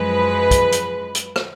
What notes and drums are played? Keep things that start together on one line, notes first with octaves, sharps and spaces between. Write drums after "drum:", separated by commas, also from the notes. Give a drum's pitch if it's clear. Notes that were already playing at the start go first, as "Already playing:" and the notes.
Already playing: F#2 F3 G#3 B4
drum: kick, hi-hat
drum: hi-hat
drum: hi-hat
drum: rim click